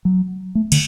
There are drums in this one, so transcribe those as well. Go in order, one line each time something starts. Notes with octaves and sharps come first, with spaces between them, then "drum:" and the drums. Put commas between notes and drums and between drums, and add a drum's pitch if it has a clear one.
F#3
A3
D3, drum: cymbal